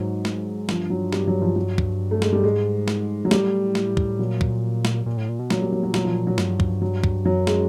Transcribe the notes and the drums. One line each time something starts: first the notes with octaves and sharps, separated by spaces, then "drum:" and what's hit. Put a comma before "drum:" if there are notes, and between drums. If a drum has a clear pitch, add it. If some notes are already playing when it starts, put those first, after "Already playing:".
Already playing: G#2 F#3
drum: snare
G2 F3, drum: snare
F#3
G3, drum: snare
F#3
F3
F#3
drum: kick
A3
G#3, drum: snare
G3
G#2 G#3
drum: snare
A#2 F#3
A2 G3, drum: snare
drum: snare
drum: kick
A#2 F#3
drum: kick
drum: snare
A#2
A2
A#2
B2
A#2 F#3, drum: snare
G3
F#3
F#3
F#3, drum: snare
F3
F#3
G2 F#3, drum: snare
drum: kick
F#3
drum: kick
F#2 F#3
G#3, drum: snare